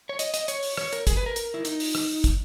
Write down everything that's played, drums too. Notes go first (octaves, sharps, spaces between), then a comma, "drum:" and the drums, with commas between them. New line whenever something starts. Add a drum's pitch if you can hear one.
C#5
D#5, drum: hi-hat
D#5, drum: hi-hat
C#5, drum: hi-hat
drum: open hi-hat
C#5, drum: rim click
A#4, drum: hi-hat
G#4, drum: kick, hi-hat
B4
A#4
drum: hi-hat
E4
D#4, drum: hi-hat
drum: open hi-hat
drum: rim click
drum: kick, hi-hat